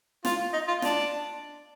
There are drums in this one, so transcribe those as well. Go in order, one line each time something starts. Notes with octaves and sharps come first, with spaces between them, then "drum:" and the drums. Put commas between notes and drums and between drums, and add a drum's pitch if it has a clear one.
F4, drum: snare
D#4
F4
D4, drum: snare